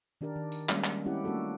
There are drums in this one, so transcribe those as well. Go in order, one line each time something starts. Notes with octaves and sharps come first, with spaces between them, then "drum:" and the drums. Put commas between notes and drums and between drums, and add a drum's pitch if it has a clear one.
D#3 D4 G4 A#4 D5
D#3
drum: tambourine
G3 G#3 A#3 C#4, drum: clap
drum: clap
C4 C#4 E4 G4 F#5
A3 A#3 D4 F#4 A4